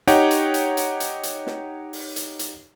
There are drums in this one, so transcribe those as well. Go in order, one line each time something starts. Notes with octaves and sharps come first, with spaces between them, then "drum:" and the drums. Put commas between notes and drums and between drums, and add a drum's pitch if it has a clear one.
D#4 G4 C#5 F#5 G5, drum: hi-hat
drum: hi-hat
drum: hi-hat
drum: hi-hat
drum: hi-hat
drum: hi-hat
drum: snare
drum: open hi-hat
drum: hi-hat
drum: hi-hat